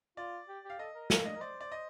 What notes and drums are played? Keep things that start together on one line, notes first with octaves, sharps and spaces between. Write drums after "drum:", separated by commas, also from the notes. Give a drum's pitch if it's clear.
F4 D5
G4
G4
F5
A4 D#5
A#4
A4 F5, drum: snare
D4 D#5
A#4
C5 D5
D5
D#5